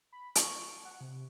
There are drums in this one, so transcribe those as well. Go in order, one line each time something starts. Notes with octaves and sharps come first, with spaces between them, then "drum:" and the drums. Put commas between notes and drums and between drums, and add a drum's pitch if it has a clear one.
B5
C#6, drum: hi-hat
F#5
C3